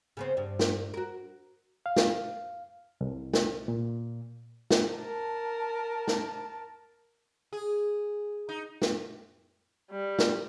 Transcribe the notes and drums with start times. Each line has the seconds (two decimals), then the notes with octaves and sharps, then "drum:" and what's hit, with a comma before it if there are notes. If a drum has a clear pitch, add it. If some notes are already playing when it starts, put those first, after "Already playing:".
0.17 C#3 B3 C4
0.37 G2
0.59 drum: snare
0.94 F#4 A#4
1.86 F5
1.96 drum: snare
3.01 C2
3.33 drum: snare
3.68 A#2
4.71 drum: snare
4.94 A#4 A5
6.08 drum: snare
7.53 G#4
8.49 D#4
8.82 drum: snare
9.91 G3
10.19 drum: snare